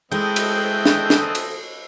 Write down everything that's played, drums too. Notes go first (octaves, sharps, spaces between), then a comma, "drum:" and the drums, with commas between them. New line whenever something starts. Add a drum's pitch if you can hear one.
E3 G#3 A3 C4 E4 A4 D#5 G5
drum: cymbal
drum: snare
drum: snare
drum: cymbal